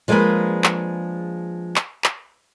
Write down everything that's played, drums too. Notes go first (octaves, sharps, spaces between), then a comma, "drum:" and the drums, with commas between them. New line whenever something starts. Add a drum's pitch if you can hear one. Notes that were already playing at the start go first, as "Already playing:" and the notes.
F3 G#3 A#3 D4 G#4 B4
drum: clap
drum: clap
drum: clap